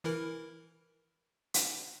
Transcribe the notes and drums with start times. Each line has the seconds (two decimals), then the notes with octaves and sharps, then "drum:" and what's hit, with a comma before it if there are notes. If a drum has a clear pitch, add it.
0.04 E3 E4 A#4
1.54 drum: hi-hat